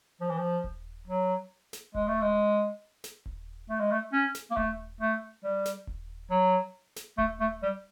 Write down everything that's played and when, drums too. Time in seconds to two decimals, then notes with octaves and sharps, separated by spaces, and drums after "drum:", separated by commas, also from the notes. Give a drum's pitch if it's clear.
0.21 F3
0.29 E3
0.38 F3
0.64 drum: kick D#1
1.07 F#3
1.73 drum: snare
1.95 G#3, drum: kick D#1
2.08 A3
2.22 G#3
3.04 drum: snare
3.26 drum: kick D#1
3.69 A3
3.80 G#3
3.91 A3
4.13 C#4
4.35 drum: snare
4.51 A#3
4.57 A3, drum: kick D#1
5.01 A3
5.44 G3
5.66 drum: snare
5.87 drum: kick D#1
6.30 F#3
6.96 drum: snare
7.18 A3, drum: kick D#1
7.40 A3
7.62 G3